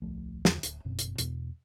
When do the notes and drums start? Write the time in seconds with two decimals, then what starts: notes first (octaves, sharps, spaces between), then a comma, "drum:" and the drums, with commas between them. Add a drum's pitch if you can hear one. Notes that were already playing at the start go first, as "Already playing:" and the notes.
0.02 D1 B1 F3 A3
0.45 E2 D3, drum: snare
0.63 D1, drum: hi-hat
0.85 G1 F#2 B2 C4
0.99 drum: hi-hat
1.18 E2 B2, drum: hi-hat